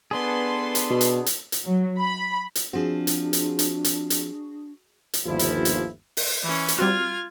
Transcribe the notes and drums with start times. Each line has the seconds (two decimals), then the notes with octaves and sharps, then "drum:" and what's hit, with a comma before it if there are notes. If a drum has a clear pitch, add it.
0.11 B3 D4 G#4 A4 B4 C6
0.75 drum: hi-hat
0.90 B2
1.01 drum: hi-hat
1.26 drum: hi-hat
1.52 drum: hi-hat
1.65 F#3
1.99 B5
2.55 drum: hi-hat
2.73 F3 C4 D4 F#4 G#4
3.07 drum: hi-hat
3.33 drum: hi-hat
3.59 drum: hi-hat
3.84 drum: hi-hat
4.10 drum: hi-hat
5.14 drum: hi-hat
5.26 G1 D#2 F3 E4
5.39 drum: hi-hat
5.65 drum: hi-hat
6.17 drum: open hi-hat
6.43 E3 C#4
6.68 drum: hi-hat
6.79 G3 C4 F4 F#4 F6 G#6